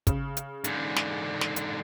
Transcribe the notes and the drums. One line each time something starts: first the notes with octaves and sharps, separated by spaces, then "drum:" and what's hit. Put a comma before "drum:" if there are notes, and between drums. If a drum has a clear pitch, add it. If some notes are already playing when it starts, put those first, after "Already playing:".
C#3, drum: kick, hi-hat
drum: hi-hat
G#2 D3, drum: hi-hat
drum: snare
drum: snare
drum: hi-hat